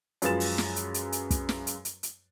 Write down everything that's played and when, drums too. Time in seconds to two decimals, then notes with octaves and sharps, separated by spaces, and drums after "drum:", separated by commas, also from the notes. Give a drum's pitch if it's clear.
0.22 F#2 F3 G#3 B4 A6 E7, drum: hi-hat
0.40 drum: open hi-hat
0.58 drum: snare
0.76 drum: hi-hat
0.94 drum: hi-hat
1.12 drum: hi-hat
1.31 drum: kick, hi-hat
1.49 drum: snare
1.67 drum: hi-hat
1.85 drum: hi-hat
2.03 drum: hi-hat